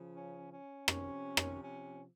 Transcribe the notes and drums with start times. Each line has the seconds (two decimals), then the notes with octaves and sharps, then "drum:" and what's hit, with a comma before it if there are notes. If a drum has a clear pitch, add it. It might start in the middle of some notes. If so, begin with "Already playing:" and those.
Already playing: C#3 F3
0.14 C#4
0.51 C#4
0.88 C3 F3 C#4, drum: rim click
1.37 drum: rim click
1.62 C#4